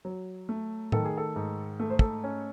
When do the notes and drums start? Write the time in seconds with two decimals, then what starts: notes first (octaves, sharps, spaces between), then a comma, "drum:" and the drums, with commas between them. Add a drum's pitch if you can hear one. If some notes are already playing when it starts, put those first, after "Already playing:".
0.05 F#3
0.49 A3
0.92 D#3 A4, drum: tom A2
1.05 G#4
1.17 A4
1.36 G#2
1.80 A3 A4
1.90 C5
1.99 A4, drum: kick
2.24 C#4